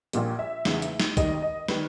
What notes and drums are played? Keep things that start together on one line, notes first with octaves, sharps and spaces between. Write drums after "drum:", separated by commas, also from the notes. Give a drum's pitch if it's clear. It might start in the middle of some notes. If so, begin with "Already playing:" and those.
A#1 A#2 G3, drum: hi-hat
E5
E2 C#3 G#3, drum: snare
drum: hi-hat
drum: snare
D#2 D#3 G3 D#5, drum: kick B1, hi-hat
D#5
D#3 G3 B4, drum: snare